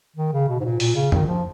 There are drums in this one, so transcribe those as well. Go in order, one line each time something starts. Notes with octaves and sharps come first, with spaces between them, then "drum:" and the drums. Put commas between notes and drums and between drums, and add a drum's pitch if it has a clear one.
D#3
C#3
B2
G#2
A#2
A#2, drum: open hi-hat
C#3
D#3, drum: tom
F3